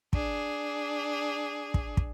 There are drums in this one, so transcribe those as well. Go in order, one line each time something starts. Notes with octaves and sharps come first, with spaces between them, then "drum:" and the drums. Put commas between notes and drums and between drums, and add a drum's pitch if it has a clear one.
D4 G#4, drum: kick
drum: kick
drum: kick